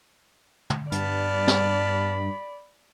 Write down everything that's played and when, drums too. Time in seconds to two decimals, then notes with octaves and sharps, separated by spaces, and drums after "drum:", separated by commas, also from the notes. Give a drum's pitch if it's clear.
0.70 drum: tom
0.92 G2 B3 D5 A5 B5 F6, drum: hi-hat
1.47 drum: snare